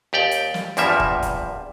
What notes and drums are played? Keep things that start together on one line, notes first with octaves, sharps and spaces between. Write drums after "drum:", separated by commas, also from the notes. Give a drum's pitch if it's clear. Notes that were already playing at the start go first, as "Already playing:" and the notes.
D#2 G4 D5 G5
drum: hi-hat
drum: snare
E2 G2 F3 G3 A#3 E5, drum: hi-hat
drum: kick
drum: kick, hi-hat